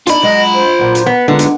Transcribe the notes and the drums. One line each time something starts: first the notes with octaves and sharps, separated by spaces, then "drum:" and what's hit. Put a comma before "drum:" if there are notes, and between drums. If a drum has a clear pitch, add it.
D4 D#4 F4 B5, drum: hi-hat
F#3 G#3 D#5
C5
A#2 F#3
drum: hi-hat
B3
D3 G#3 B3 D#4 F4
drum: hi-hat